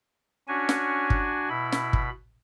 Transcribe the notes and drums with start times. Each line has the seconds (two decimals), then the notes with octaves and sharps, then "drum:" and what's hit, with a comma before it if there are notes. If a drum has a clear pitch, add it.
0.48 C#4 D4 F#4 G#5
0.69 drum: snare
1.10 drum: kick
1.49 B2 E4 B5
1.72 drum: snare
1.93 drum: kick